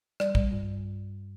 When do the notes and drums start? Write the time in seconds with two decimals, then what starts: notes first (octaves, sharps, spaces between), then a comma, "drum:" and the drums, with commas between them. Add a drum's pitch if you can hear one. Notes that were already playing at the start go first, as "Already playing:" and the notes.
0.20 G3 D5, drum: rim click
0.35 G3, drum: kick
0.51 G2